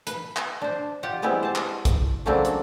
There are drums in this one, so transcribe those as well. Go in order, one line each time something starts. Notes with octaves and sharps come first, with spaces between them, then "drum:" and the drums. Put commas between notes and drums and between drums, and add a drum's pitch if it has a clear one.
B4, drum: hi-hat
drum: clap
D4 C5
F4 G4 F#5
G3 G#3 B3 C4 E4 G4
C5 A5
drum: clap
drum: kick, hi-hat
C#3 F#3 A3 A#3 C4 D4
drum: hi-hat